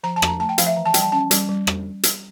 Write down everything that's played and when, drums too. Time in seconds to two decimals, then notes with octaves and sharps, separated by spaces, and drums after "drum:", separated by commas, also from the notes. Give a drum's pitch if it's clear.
0.03 F3 A#5
0.16 A5
0.22 F3, drum: rim click
0.28 A#5
0.40 A3 A5
0.49 G5
0.58 F3 F5, drum: hi-hat
0.67 E5
0.77 E3 A#5
0.86 A5
0.94 G3 G5, drum: hi-hat
1.02 A5
1.12 C#4 A5
1.31 G3, drum: hi-hat
1.49 G3
1.67 drum: rim click
2.03 drum: hi-hat